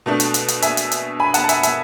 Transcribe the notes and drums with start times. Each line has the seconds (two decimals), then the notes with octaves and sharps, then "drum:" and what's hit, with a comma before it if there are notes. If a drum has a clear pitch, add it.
0.06 B2 A3 D4
0.20 drum: hi-hat
0.34 drum: hi-hat
0.48 drum: hi-hat
0.62 E5 G#5, drum: hi-hat
0.77 drum: hi-hat
0.91 drum: hi-hat
1.20 G#5 B5
1.34 F#5 A5, drum: hi-hat
1.44 A5
1.49 E5 G#5, drum: hi-hat
1.63 E5 G#5, drum: hi-hat